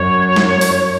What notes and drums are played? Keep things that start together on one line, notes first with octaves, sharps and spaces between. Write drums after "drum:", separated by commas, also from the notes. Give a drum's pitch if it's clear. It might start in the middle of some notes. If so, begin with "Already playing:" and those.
Already playing: F#2 C#5
drum: snare
drum: open hi-hat